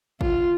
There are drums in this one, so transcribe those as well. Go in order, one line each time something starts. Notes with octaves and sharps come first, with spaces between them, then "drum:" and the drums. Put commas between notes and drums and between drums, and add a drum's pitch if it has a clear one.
F4, drum: kick